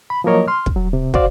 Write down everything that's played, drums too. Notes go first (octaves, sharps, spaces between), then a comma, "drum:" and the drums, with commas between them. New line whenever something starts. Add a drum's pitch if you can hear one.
B5
F3 F#3 A#3 A#4 C#5 D#5
C6 F6
drum: kick
F#3
C3
F#4 C5 D5 F5, drum: kick